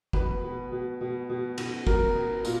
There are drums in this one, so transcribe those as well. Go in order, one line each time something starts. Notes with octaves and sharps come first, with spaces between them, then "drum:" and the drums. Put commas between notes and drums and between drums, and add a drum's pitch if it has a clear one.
B2 B4, drum: kick
B2
B2
B2
B2
B2, drum: cymbal
B2 A#4, drum: kick
B2
A#2, drum: tambourine